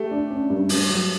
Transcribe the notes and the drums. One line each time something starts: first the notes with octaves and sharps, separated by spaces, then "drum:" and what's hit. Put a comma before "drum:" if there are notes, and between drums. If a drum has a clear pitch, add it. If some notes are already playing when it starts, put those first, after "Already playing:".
Already playing: A3 G4
D4
C#4
G2
G2, drum: open hi-hat
F#3